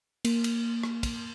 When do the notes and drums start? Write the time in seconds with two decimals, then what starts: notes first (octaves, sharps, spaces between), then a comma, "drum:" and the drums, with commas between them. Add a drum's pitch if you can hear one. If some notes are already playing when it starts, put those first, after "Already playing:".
0.25 A#3, drum: cymbal
0.44 drum: cymbal
0.83 drum: rim click
1.03 drum: kick, cymbal